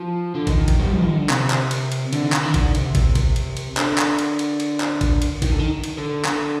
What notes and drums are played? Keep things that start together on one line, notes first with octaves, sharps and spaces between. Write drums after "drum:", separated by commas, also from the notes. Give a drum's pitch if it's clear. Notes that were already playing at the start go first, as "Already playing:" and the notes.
Already playing: F3
D3
D#3, drum: kick, cymbal
drum: kick, cymbal
G3
F3
D#3
D3
C3, drum: clap
drum: clap
drum: cymbal
drum: cymbal
D3, drum: cymbal
D#3
D3, drum: clap
D#3
D3, drum: kick, cymbal
C3, drum: cymbal
drum: kick, cymbal
drum: kick, cymbal
drum: cymbal
drum: cymbal
D3, drum: clap
drum: clap
drum: cymbal
drum: cymbal
drum: cymbal
drum: clap
drum: kick, cymbal
drum: cymbal
D#3, drum: kick, cymbal
D3
D#3
drum: cymbal
D3
D3, drum: clap